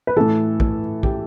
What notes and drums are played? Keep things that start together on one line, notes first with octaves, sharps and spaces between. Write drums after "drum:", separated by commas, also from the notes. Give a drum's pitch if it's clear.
B4
A2 E3 A4
drum: kick
G4, drum: kick